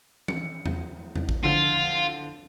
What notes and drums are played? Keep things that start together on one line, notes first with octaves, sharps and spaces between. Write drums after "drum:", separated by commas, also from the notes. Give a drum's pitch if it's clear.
C#7, drum: tom E3
drum: tom E2
drum: tom E2
drum: kick A1
D3 F3 F4